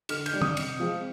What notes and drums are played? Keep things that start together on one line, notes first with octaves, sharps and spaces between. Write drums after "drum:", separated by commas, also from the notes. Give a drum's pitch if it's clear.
D3 F6, drum: cymbal
G6, drum: cymbal
G3 D4
D#6, drum: tom
C3, drum: cymbal
F3 G#3 C4